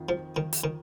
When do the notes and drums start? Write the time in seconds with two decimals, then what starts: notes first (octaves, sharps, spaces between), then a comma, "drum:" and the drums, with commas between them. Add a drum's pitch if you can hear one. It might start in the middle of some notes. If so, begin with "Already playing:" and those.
Already playing: F2 D#3
0.09 F3
0.36 D#3
0.53 drum: hi-hat
0.64 D#3